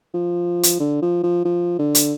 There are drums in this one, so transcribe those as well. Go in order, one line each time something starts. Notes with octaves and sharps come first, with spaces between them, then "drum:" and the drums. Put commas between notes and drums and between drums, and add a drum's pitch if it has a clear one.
F3
drum: hi-hat
D3
F3
F3
F3
D3
drum: hi-hat